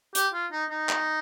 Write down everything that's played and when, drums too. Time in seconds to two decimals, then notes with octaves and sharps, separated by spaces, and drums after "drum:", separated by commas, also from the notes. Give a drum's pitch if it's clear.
0.15 G4, drum: hi-hat
0.34 F4
0.52 D#4
0.70 D#4
0.89 drum: clap